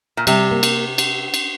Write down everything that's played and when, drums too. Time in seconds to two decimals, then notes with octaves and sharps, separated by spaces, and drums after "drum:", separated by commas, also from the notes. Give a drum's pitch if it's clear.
0.17 A#2
0.27 C3 G3, drum: cymbal
0.51 A#3
0.63 drum: cymbal
0.98 drum: cymbal
1.34 drum: cymbal